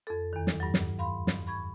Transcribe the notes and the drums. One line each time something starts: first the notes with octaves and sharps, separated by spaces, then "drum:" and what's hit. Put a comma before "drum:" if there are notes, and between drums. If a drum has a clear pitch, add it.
F2 A4
E2 D#3
drum: snare
G2 F#3
drum: snare
F5 B5 C6
drum: snare
B5 C#6 G#6